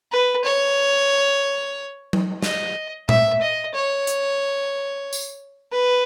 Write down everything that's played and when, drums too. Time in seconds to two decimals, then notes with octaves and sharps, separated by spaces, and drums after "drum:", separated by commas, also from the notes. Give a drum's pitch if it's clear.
0.12 B4
0.45 C#5
2.13 drum: tom F#3
2.42 D#5, drum: snare
3.09 E5, drum: tom A#2
3.42 D#5
3.74 C#5
4.07 drum: hi-hat
5.13 drum: tambourine
5.72 B4